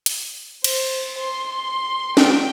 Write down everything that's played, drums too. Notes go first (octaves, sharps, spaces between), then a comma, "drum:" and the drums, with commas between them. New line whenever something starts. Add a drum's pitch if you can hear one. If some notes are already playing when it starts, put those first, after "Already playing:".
drum: hi-hat
C5, drum: cymbal
C6
G5, drum: snare